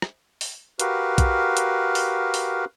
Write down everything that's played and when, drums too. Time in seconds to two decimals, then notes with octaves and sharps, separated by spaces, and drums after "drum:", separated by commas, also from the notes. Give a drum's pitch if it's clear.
0.02 drum: rim click
0.41 drum: open hi-hat
0.80 F#4 G4 A#4 B4 F5, drum: hi-hat
1.18 drum: kick A#1, hi-hat
1.57 drum: hi-hat
1.95 drum: open hi-hat
2.34 drum: open hi-hat